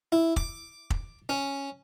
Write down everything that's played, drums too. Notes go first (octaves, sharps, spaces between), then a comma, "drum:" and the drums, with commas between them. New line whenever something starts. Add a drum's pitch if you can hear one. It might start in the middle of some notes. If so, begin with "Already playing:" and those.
E4
D6, drum: kick
drum: kick
C#4